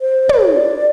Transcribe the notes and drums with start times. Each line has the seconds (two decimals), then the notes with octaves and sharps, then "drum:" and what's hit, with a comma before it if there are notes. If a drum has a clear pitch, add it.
0.01 C5
0.29 C#5, drum: tom
0.56 D5